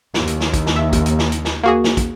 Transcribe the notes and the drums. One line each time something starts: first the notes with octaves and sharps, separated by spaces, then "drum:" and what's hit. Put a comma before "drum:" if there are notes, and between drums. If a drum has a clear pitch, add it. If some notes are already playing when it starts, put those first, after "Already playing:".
D#2, drum: snare
drum: hi-hat
drum: snare
drum: kick, hi-hat
drum: snare
E5
drum: kick, hi-hat
drum: hi-hat
drum: snare
drum: hi-hat
drum: snare
A#3 F#4 G#4
drum: snare
drum: kick, hi-hat